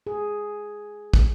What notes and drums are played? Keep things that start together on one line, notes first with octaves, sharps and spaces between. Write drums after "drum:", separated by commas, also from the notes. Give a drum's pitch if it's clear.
G#4
drum: kick